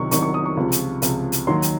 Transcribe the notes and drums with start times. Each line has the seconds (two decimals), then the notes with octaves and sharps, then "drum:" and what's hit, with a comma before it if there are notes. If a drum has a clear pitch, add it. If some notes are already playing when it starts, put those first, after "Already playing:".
Already playing: C2 C3 D#3 F#3 C#6
0.11 C2 C3 D#3 F#3 C#6, drum: hi-hat
0.22 C#6
0.34 D#6
0.46 C#6
0.57 C#2 C3 F3
0.72 drum: hi-hat
1.02 C#2 C3 F3, drum: hi-hat
1.32 drum: hi-hat
1.47 D#2 D#3 F#3 C6
1.62 drum: hi-hat